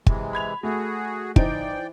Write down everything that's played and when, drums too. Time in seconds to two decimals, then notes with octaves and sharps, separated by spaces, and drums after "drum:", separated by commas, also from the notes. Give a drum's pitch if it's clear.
0.06 C3 E3 G#3, drum: kick
0.33 B5 G#6 F7
0.63 A3 F#4 G#4
1.36 E3 D#4 C5 D5 G5 D7, drum: kick